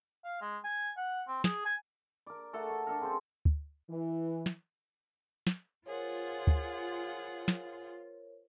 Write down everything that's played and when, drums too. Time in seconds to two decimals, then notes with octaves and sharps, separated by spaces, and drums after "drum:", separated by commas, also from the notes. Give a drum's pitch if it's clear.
0.25 F5
0.41 G#3
0.64 G#5
0.97 F#5
1.28 C4
1.44 G#4, drum: snare
1.65 G#5
2.26 A#4 D5
2.53 A3 A4 A#4 F#5
2.70 A3
2.87 D4 A4 A#4
3.01 C#3 C4 C5
3.45 drum: kick
3.89 E3
4.46 drum: snare
5.47 drum: snare
5.86 F4 G#4 A#4 C5 C#5 F#5
6.47 drum: kick
7.48 drum: snare